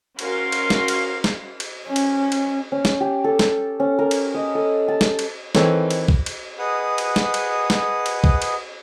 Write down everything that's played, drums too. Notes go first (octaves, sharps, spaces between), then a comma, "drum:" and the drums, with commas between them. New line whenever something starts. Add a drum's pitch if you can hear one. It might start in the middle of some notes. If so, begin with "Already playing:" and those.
C#4 F#4 A#4 F5 C6, drum: cymbal
drum: cymbal
drum: snare
drum: cymbal
drum: snare
drum: cymbal
C#4
drum: cymbal
drum: cymbal
C#4
C#6, drum: snare
G4
A4
drum: snare
C#4
A#4
drum: cymbal
D#5
A4
A5
drum: snare
drum: cymbal
D#3 E3 C4 A4 C#5, drum: snare
drum: cymbal
drum: kick B1
drum: cymbal
G#4 B4 D#5 F#5 D#6
drum: cymbal
drum: snare
drum: cymbal
drum: snare
drum: cymbal
drum: kick B1
drum: cymbal